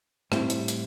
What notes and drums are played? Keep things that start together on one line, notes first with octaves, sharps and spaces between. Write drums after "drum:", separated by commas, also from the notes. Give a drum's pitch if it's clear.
A2 G3 C4 E4, drum: rim click
drum: hi-hat
drum: hi-hat